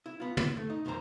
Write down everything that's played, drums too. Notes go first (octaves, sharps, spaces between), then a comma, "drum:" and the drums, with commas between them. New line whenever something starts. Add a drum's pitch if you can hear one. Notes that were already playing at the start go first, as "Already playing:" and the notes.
E4
B3 F4
B3 E4, drum: tom
A3
D#4
B1 F2 D#3 A#3 C5 A#5